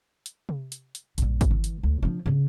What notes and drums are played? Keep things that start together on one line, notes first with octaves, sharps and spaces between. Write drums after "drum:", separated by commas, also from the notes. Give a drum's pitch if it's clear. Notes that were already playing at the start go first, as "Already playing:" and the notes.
drum: hi-hat
drum: tom C3
drum: hi-hat
drum: hi-hat
A#1 G2, drum: hi-hat
drum: kick, hi-hat
E3
drum: hi-hat
D2
F3 D4
C#3 C#4